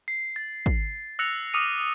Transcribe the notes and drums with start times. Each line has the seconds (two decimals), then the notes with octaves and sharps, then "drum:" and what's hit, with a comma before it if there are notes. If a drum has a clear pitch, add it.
0.08 C7
0.36 A6
0.66 drum: kick
1.19 E6 F#6 A#6 C#7 F7
1.54 D6 D#6 F6 C#7 D#7